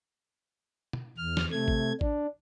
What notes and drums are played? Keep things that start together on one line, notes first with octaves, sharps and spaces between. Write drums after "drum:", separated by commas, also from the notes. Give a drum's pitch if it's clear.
drum: tom B2
E2 F6
drum: snare
C3 A3 G#6
drum: kick A1
D4, drum: kick A1